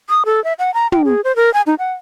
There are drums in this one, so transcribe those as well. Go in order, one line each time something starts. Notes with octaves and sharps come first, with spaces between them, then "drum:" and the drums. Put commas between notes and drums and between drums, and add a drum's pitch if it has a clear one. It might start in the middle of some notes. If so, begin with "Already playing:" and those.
D#6
A4
E5
F#5
A#5
G5, drum: tom
G#4
C5
A#4
G#5
D#4
F#5